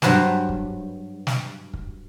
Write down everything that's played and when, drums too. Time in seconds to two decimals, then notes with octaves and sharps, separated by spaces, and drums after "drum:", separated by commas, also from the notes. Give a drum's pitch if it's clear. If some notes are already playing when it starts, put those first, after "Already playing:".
0.02 G2 F#3 B4 C5 A5, drum: snare
0.49 drum: kick
1.27 drum: snare
1.73 drum: kick